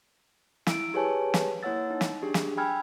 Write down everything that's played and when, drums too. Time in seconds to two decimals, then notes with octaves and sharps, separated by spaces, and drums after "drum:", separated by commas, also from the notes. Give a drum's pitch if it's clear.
0.67 E4 E6 D7, drum: snare
0.94 G4 G#4 B4 C#5 G#5 A5
1.34 drum: snare
1.63 A#3 E4 C#5 F#5 E6 A6
1.90 D#4
2.01 drum: snare
2.22 D4 G4 G#4
2.34 drum: snare
2.57 G5 G#5 B5 E6 F6 G#6